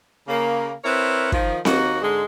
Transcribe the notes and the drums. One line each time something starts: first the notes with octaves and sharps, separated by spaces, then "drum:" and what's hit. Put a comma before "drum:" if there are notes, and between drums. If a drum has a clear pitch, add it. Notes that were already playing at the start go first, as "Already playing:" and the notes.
C#3 A#3
C4 E4 A#4 B4 C#5
D#3 F3, drum: kick
D#2 A#3 D#4 F#4, drum: snare C4
G#2 D3 G#3